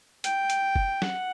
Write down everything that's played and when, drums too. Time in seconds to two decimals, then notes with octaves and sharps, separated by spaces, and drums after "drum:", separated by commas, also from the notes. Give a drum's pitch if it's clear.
0.24 G5, drum: hi-hat
0.50 drum: hi-hat
0.76 drum: kick F#1
1.02 F#5, drum: snare